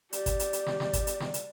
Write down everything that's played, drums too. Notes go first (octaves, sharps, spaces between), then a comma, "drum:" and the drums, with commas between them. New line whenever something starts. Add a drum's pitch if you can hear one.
G4 D5, drum: hi-hat
drum: kick G#1, hi-hat
drum: hi-hat
drum: hi-hat
drum: snare
drum: snare
drum: kick G#1, hi-hat
drum: hi-hat
drum: snare
drum: hi-hat